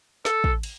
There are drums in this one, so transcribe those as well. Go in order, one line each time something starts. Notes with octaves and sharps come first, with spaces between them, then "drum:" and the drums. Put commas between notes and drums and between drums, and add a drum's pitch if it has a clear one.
A4, drum: snare
drum: kick
drum: cymbal